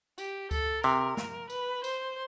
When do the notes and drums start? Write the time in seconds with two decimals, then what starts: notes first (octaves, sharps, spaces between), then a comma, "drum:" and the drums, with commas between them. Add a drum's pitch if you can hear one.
0.18 G4, drum: tambourine
0.51 A4, drum: kick C#2, tambourine
0.83 C3 A#4, drum: tambourine
1.17 drum: snare
1.50 B4, drum: tambourine
1.84 C5, drum: tambourine